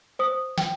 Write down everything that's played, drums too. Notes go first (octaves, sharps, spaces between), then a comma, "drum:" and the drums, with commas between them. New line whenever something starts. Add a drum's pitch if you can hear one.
C5 D#6
G5, drum: snare